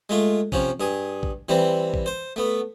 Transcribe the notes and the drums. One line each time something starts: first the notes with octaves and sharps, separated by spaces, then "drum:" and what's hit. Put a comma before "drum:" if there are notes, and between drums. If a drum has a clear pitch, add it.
G#3 A3 F4
C3 F3 C#4, drum: kick
G2 G#4
drum: kick
E3 G3 C4
drum: kick
C5
A3 B3